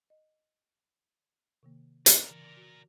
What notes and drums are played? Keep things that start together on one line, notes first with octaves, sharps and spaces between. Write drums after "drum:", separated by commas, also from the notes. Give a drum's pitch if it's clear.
D#5
C3 D#3 A#3
A#4 D5, drum: hi-hat
C#3 E3
F#4